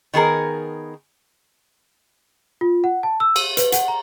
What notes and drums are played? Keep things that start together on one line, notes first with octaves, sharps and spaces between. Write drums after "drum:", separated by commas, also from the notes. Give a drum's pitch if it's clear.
D#3 B3 G#4 A#4
F4
F#5
A5
E6
D#7, drum: cymbal
B4, drum: hi-hat
F#5, drum: hi-hat
A#5